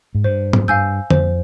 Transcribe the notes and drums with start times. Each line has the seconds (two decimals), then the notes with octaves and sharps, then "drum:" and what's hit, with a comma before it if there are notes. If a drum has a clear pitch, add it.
0.15 G#2
0.24 G2 C5
0.53 drum: tom G#2
0.68 G2 F5 G#5 E6 G6
1.10 F2 C5, drum: tom D3